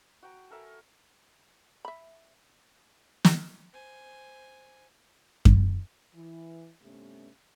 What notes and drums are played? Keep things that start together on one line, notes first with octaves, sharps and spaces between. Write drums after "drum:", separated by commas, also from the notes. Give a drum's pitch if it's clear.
F#4 G5 A#5
A4 A#4 E5 G#5
E5 B5
drum: snare
C5 G#5
drum: kick F#2
E3
G2 C3 A3 B3 C#4